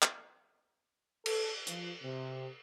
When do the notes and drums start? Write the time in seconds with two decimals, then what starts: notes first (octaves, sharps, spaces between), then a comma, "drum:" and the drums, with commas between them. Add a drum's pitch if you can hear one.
0.02 drum: clap
1.26 A4, drum: cymbal
1.67 F3, drum: hi-hat
2.03 C3